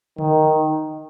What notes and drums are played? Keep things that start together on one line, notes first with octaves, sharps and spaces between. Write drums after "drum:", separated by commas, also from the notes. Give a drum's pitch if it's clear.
D#3, drum: tom D3